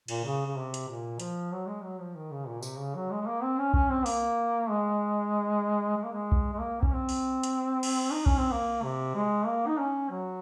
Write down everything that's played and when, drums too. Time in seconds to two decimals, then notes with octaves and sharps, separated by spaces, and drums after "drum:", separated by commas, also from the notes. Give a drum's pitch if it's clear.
0.08 A#2, drum: cymbal
0.24 C#3
0.47 C#3
0.57 C3
0.74 drum: hi-hat
0.88 A#2
1.20 F3, drum: hi-hat
1.52 F#3
1.67 G#3
1.83 F#3
2.00 F3
2.15 D#3
2.31 C#3
2.48 A#2
2.63 C3, drum: tambourine
2.79 C#3
2.95 F#3
3.11 G#3
3.21 G#3
3.27 A#3
3.43 C4
3.58 C#4
3.74 C#4, drum: kick B1
3.90 C4
4.06 A#3, drum: open hi-hat
4.70 G#3
5.97 G#3
6.04 A#3
6.13 G#3
6.32 drum: kick B1
6.53 G#3
6.60 A#3
6.83 C#4, drum: kick B1
6.93 C4
7.09 drum: open hi-hat
7.43 drum: hi-hat
7.83 drum: cymbal
8.12 D#4
8.26 C#4, drum: kick B1
8.38 C4
8.52 A#3
8.83 C3
9.15 G#3
9.47 A#3
9.67 D#4
9.78 C#4
10.10 F#3